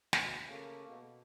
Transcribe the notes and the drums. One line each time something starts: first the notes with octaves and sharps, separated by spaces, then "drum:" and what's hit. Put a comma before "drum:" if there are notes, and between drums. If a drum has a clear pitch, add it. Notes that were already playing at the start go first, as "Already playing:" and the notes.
D2 B2, drum: snare
C#3 A3 A#3
B2